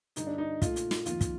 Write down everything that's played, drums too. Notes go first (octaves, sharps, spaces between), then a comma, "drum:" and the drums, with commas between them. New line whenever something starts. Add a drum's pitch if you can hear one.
G2 D3 G3 D#4, drum: hi-hat
D4
D#4
A#2 A3 F4, drum: kick, hi-hat
drum: hi-hat
drum: snare
F2 D#3 A#3 F4, drum: hi-hat
drum: kick, hi-hat